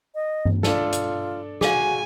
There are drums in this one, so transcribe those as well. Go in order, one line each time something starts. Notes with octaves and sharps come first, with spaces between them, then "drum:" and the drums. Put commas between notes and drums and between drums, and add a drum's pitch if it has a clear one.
D#5
drum: tom G2
D4 F4 A4, drum: snare
drum: hi-hat
F#4 G#4 F5 G#5, drum: snare